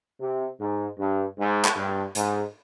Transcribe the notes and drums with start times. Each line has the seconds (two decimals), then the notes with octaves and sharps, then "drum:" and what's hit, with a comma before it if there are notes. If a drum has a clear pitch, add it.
0.20 C3
0.59 G#2
0.98 G2
1.37 G#2
1.65 drum: clap
1.76 G2
2.15 G#2, drum: hi-hat